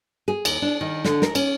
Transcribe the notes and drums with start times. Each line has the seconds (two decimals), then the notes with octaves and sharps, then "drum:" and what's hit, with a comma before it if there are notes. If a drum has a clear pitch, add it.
0.28 G#4
0.45 D#2, drum: cymbal
0.62 D4
0.81 D#3
1.04 D3, drum: snare
1.22 A#4, drum: snare
1.35 C#4, drum: cymbal